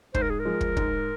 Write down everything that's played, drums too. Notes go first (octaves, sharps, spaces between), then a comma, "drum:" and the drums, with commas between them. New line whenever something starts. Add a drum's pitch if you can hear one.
G#2 C5, drum: kick
A#4
G#4
A#4
F3 G#3
drum: kick
G#2, drum: kick